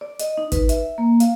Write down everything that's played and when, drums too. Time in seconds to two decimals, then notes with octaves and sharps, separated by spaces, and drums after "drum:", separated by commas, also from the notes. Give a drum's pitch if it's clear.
0.01 D5
0.20 D#5, drum: hi-hat
0.38 D#4
0.52 B4, drum: kick, hi-hat
0.69 E5, drum: hi-hat
0.98 A#3
1.20 F5, drum: hi-hat